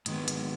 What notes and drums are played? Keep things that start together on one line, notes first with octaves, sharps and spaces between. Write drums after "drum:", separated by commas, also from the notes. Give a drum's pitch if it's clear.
G#2 D#3 G#3 B3, drum: hi-hat
drum: hi-hat